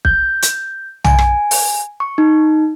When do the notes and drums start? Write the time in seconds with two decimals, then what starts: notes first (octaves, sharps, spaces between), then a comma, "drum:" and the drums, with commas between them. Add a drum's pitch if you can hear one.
0.05 G6, drum: kick B1
0.42 drum: hi-hat
1.04 G#5, drum: tom
1.18 drum: rim click
1.51 drum: open hi-hat
2.00 C#6
2.18 D#4